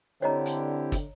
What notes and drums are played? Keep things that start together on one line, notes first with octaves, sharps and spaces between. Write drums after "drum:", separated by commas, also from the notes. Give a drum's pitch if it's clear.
D3 C4 E4 G4 C#5 D#5 A#5
drum: hi-hat
drum: kick, hi-hat